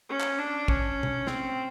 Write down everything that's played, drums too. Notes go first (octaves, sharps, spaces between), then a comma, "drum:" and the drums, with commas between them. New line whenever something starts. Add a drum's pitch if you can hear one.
C#4
drum: clap
D4
C#4, drum: kick
drum: tom B2
C4, drum: snare